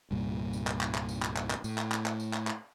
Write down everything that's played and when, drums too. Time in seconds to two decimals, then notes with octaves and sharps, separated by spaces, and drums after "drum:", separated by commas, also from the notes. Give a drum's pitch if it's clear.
0.11 C2 G2 A#2
0.53 drum: tambourine
0.67 drum: clap
0.81 drum: clap
0.95 drum: clap
1.09 drum: tambourine
1.23 drum: clap
1.36 drum: clap
1.50 drum: clap
1.64 A2, drum: tambourine
1.78 drum: clap
1.92 drum: clap
2.06 drum: clap
2.20 drum: tambourine
2.34 drum: clap
2.47 drum: clap